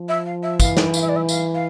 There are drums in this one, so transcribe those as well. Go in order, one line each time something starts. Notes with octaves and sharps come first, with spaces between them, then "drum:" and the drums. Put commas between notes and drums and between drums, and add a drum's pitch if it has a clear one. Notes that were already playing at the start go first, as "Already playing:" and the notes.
Already playing: F3
E5
F5
E5
E3 F5, drum: kick, tambourine
drum: snare
F5, drum: tambourine
E5
D5
E5
F5, drum: tambourine
F5